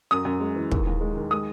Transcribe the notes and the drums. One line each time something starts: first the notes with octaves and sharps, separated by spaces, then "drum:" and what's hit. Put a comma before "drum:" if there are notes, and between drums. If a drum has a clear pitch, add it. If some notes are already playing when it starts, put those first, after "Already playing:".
F#2 D#6
F#2
G#3
E3
D#2, drum: kick
D#2
G#3
D#3
G#3 D#6